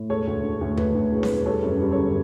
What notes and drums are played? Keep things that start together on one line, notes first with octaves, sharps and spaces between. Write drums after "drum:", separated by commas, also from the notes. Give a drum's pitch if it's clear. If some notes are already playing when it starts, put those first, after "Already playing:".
Already playing: A2
E1 A4 C#5
D2
D3
D2
D2 B4, drum: tom D#2
D2
E1
B4, drum: snare C4
E1
G3 A4 C#5
F#2
B4
G3
A4 C#5
G1